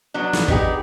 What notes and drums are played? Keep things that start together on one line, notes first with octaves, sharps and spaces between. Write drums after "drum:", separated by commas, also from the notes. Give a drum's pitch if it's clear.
F#3 B3 D4
drum: snare
B3 D#4 G4 G#4, drum: kick